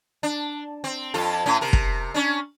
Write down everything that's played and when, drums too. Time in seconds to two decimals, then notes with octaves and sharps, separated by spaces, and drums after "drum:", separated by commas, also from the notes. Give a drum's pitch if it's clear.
0.23 D4
0.84 C4
1.14 F2 F4 A4
1.46 A2 C#4
1.61 C3 A#4
1.73 drum: kick
2.14 C#4 D4